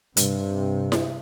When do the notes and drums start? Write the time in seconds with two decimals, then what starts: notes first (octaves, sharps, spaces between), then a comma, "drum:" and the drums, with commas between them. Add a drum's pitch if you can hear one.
0.17 G2 C3, drum: hi-hat
0.92 drum: snare E4